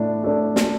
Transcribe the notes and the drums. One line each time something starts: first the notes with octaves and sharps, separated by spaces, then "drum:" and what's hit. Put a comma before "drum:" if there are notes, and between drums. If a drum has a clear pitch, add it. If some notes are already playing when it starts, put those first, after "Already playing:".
Already playing: A2 D4
A3 D4
drum: snare